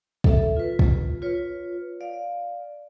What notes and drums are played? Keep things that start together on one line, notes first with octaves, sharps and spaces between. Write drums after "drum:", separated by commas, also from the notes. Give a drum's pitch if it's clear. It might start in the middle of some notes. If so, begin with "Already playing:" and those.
A4 E5, drum: kick
F4 B4
drum: kick
F4 B4 C#5
D5 F5